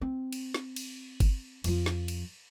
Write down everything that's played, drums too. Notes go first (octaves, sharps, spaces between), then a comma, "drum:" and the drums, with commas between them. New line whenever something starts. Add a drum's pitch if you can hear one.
C4
drum: cymbal
drum: snare
drum: cymbal
drum: kick G1, cymbal
F2 F3, drum: cymbal
drum: snare
drum: cymbal